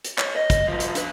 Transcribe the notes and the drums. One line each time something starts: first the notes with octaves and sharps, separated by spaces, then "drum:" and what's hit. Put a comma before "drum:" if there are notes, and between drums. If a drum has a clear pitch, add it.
drum: hi-hat
B4 C#5, drum: clap
D#5
drum: kick, hi-hat
D#3 F3
drum: hi-hat
D3 B4, drum: hi-hat